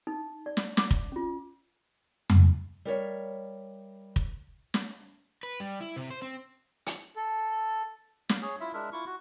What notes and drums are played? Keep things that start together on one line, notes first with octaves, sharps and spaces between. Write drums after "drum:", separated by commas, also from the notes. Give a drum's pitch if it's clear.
D#4
D5
drum: snare
D6, drum: snare
drum: kick
C#4 F4
drum: tom F2
G3 A#4 C#5 E5
drum: kick
drum: snare
B4
G3
E4
C3
C5
C4
drum: hi-hat
A4
F5, drum: snare
G#4 C#5
E4 F4 E5
G#3 D4 A#4 E5
E4 F4 C#6
F#4